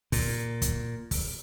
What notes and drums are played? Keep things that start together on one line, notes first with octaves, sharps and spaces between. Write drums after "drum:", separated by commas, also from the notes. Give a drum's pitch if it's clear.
A#2, drum: kick, open hi-hat
drum: kick, hi-hat
drum: kick, open hi-hat